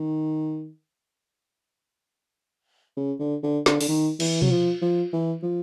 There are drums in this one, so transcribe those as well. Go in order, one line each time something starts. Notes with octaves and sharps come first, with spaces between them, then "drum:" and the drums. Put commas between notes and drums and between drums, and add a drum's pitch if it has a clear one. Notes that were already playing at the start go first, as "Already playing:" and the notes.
Already playing: D#3
C#3
D3
D3
D3, drum: snare
D3, drum: open hi-hat
D#3
E3, drum: cymbal
F#3, drum: tom B2
F3
F3
E3
F3